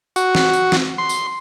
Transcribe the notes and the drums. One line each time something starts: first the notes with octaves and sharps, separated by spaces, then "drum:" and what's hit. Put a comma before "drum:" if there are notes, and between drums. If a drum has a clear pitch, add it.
F#4, drum: tambourine
drum: snare
drum: tambourine
drum: snare
C6
drum: tambourine